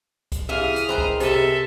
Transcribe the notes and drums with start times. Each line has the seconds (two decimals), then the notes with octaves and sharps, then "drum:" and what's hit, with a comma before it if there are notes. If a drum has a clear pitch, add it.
0.32 drum: kick C2, hi-hat
0.49 C3 E3 G#4 E5 F5 D#6 F6
0.76 drum: hi-hat
0.89 C4 G#4 A#4 B4 D#5
0.98 drum: kick C2
1.20 C3 A4 E5, drum: hi-hat